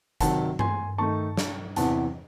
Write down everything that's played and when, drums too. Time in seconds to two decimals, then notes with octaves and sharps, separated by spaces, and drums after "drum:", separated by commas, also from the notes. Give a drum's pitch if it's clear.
0.21 C3 D#3 F#3 F#5 A5, drum: kick, hi-hat
0.59 G#5 C6, drum: tom G2
0.98 D#3 A3 D#4 A5 C#6
1.37 drum: snare
1.76 E2 C3 E3 F#5 A5, drum: hi-hat